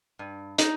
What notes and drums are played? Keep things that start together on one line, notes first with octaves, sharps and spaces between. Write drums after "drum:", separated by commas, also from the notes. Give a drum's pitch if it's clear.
G2
D#4, drum: hi-hat